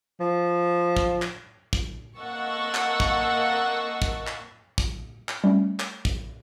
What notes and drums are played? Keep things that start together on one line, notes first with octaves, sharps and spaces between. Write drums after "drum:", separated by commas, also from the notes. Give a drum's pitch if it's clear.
F3
drum: kick
drum: clap
drum: kick
A#3 D#5 F#5 A5 C#6 E6
drum: clap
drum: kick
drum: kick
drum: clap
drum: kick
drum: clap
G3 A3 C#4
drum: clap
drum: kick